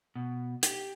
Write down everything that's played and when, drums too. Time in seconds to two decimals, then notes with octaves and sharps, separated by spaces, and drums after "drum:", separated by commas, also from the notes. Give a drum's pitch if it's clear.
0.16 B2
0.63 G4, drum: hi-hat